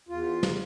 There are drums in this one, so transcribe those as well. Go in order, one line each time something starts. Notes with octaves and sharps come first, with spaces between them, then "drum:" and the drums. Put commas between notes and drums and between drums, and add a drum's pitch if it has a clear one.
E2 F4
drum: snare